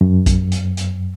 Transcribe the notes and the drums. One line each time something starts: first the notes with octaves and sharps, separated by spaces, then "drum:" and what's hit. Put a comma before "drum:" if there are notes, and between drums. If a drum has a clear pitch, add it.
F#2
drum: kick A#1, hi-hat
drum: hi-hat
drum: hi-hat